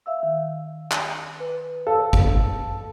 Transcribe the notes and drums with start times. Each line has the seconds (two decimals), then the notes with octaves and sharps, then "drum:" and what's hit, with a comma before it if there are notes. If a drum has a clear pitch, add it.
0.06 E5 F5 E6
0.23 D#3
0.91 drum: clap
1.40 B4
1.87 A4 F5 E6
2.13 drum: kick G#1